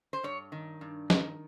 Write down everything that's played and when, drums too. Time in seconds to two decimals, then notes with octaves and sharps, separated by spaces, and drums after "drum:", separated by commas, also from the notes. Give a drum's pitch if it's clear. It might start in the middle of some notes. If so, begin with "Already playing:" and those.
0.13 C5
0.23 G2 C#5
0.52 D#3
0.81 G2
1.10 D#3, drum: snare